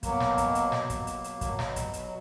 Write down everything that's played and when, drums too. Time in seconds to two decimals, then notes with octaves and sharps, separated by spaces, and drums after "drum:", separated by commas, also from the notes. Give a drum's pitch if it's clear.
0.03 B2 F#3 A#3, drum: kick, hi-hat
0.20 drum: snare
0.38 drum: kick, hi-hat
0.55 drum: hi-hat
0.72 B2, drum: snare
0.90 drum: kick, hi-hat
1.07 drum: hi-hat
1.24 drum: hi-hat
1.41 B2 F#3, drum: kick, hi-hat
1.59 drum: snare
1.76 drum: kick, hi-hat
1.93 drum: hi-hat